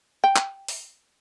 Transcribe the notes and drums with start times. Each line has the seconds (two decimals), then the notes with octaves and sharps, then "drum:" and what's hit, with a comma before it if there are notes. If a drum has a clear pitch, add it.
0.24 G5
0.36 drum: clap
0.68 drum: open hi-hat